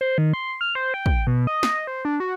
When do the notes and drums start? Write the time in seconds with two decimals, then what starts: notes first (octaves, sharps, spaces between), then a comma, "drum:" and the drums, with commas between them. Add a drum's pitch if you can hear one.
0.01 C5
0.18 D#3
0.34 C6
0.61 F6
0.75 C5
0.94 G5
1.06 drum: kick
1.27 B2
1.47 D#5
1.63 drum: snare
1.87 C5
2.05 D4
2.20 F#4